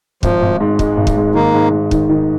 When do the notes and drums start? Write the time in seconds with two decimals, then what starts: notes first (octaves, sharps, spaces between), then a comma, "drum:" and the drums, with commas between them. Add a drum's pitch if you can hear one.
0.23 G#1 F3, drum: kick
0.42 G#1
0.60 G#2
0.79 G#3, drum: kick
0.97 G#1
1.07 drum: kick
1.17 G#2
1.34 D#3 A#3
1.54 G#2
1.72 G#2
1.91 D#3, drum: kick
2.10 D#3